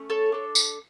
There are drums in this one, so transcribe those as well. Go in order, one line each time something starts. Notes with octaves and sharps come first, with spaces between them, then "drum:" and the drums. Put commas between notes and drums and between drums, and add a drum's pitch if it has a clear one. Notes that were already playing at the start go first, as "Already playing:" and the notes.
Already playing: A3 C#4
A4 C#5
D4 A4
drum: tambourine